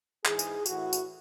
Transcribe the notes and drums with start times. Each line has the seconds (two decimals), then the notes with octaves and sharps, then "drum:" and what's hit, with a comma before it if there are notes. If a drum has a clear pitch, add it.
0.25 G#2 E3 G#4, drum: clap
0.39 drum: tambourine
0.66 A2 E3 F#4, drum: tambourine
0.93 drum: tambourine